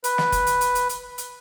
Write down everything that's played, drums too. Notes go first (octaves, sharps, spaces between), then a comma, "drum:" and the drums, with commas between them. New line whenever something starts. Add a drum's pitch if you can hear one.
B4, drum: hi-hat
drum: snare
drum: kick F#1, hi-hat
drum: hi-hat
drum: hi-hat
drum: hi-hat
drum: hi-hat
drum: hi-hat